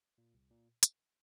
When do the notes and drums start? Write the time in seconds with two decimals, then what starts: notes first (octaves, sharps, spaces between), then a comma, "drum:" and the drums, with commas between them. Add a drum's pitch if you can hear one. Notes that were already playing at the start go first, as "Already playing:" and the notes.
0.18 A#2
0.34 C2
0.51 A#2
0.83 drum: hi-hat